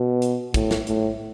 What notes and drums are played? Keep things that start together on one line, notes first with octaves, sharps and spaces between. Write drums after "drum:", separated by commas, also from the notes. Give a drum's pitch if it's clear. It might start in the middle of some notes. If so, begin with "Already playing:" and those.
Already playing: B2
drum: hi-hat
A2, drum: kick, hi-hat
drum: snare
A2, drum: hi-hat